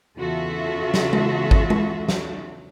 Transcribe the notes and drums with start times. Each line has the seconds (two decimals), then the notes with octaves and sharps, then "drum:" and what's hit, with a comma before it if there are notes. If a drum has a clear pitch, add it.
0.17 E2 C#3 F4 F#4 A4 E5
0.94 drum: snare
1.13 drum: tom G#3
1.51 drum: kick G#1
1.70 drum: tom G#3
2.09 drum: snare